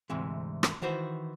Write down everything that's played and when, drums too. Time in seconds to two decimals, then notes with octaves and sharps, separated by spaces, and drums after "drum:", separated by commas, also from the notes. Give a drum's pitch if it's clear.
0.10 D2 G#2 C3 E3
0.63 drum: rim click
0.82 D#3 E3 F#4 C5